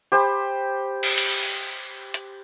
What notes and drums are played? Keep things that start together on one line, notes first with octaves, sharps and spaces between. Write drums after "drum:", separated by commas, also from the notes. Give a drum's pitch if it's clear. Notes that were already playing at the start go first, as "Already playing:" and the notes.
G4 C5 B5
drum: cymbal
drum: cymbal
drum: open hi-hat
drum: hi-hat